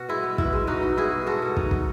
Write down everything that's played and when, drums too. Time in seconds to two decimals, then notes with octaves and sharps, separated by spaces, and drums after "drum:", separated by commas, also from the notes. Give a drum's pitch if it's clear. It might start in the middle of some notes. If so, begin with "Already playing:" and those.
Already playing: B2 F#4
0.09 G#3 E4
0.23 B3
0.38 B2 E4, drum: kick
0.52 G#3
0.67 B2 D#4 F#4
0.83 D#4
0.96 D#4 E4 G#4
1.12 B2
1.27 G#3 F#4 A4
1.42 B2
1.57 D#4, drum: kick
1.71 D#4, drum: kick